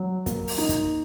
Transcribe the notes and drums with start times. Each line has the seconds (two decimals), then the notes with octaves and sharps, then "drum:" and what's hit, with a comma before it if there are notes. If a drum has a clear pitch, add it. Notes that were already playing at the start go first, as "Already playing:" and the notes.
Already playing: F#3
0.26 A#3, drum: kick, hi-hat
0.47 drum: open hi-hat
0.58 D#4
0.69 drum: kick, hi-hat